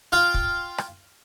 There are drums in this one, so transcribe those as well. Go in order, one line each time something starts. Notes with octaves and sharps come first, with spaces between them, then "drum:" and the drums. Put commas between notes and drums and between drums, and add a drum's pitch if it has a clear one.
F4 F5 G5
drum: kick
drum: rim click